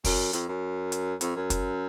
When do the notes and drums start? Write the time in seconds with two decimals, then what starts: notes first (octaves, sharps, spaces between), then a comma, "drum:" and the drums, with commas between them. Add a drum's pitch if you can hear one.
0.04 F#2, drum: kick, open hi-hat
0.33 F2, drum: hi-hat
0.48 F#2
0.92 drum: hi-hat
1.21 F2, drum: hi-hat
1.36 F#2
1.50 drum: kick, hi-hat